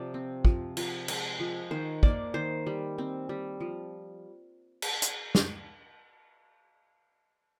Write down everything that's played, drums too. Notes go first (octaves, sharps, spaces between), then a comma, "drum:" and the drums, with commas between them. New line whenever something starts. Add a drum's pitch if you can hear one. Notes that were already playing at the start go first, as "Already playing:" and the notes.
Already playing: C3 F3 D5
C4
F3, drum: kick
F3, drum: cymbal
G#3, drum: cymbal
F3
D#3 C5
A#3 D5, drum: kick
D#3 C5
G3
C4
G3
F3
drum: cymbal
drum: hi-hat
drum: snare